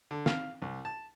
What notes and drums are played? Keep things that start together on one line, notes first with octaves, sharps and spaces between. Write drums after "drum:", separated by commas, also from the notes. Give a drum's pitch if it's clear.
D3
F5, drum: snare
C2
A5